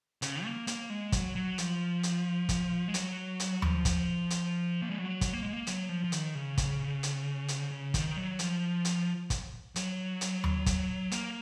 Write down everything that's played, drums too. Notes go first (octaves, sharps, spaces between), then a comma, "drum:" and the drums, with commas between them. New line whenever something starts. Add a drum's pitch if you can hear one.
C#3, drum: hi-hat
A#3
A#3, drum: hi-hat
G#3
F#3, drum: kick, hi-hat
F#3
F3, drum: hi-hat
drum: hi-hat
drum: kick, hi-hat
G#3
F#3, drum: hi-hat
drum: hi-hat
F3, drum: tom D#2
drum: kick, hi-hat
drum: hi-hat
A#3
G#3
F#3
drum: kick, hi-hat
A#3
G#3
A#3
F#3, drum: hi-hat
F3
F3
D#3, drum: hi-hat
C#3
drum: kick, hi-hat
drum: hi-hat
drum: hi-hat
C#3
D#3, drum: kick, hi-hat
F#3
F3, drum: hi-hat
drum: hi-hat
drum: kick, hi-hat
F#3, drum: hi-hat
drum: hi-hat
drum: tom D#2
drum: kick, hi-hat
A#3, drum: hi-hat